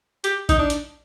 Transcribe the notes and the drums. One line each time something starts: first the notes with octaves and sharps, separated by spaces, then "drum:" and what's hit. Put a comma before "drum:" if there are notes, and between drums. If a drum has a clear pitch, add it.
G4, drum: hi-hat
D#4, drum: kick A#1, hi-hat
D4
drum: hi-hat